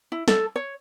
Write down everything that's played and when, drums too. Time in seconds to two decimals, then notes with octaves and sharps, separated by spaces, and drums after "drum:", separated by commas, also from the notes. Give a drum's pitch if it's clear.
0.12 E4
0.28 A4, drum: snare
0.56 C#5